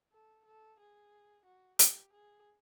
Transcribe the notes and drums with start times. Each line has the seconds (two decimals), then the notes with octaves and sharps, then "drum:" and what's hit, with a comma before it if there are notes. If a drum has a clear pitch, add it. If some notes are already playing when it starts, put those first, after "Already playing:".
0.12 A4
0.45 A4
0.79 G#4
1.45 F#4
1.79 G4, drum: hi-hat
2.13 G#4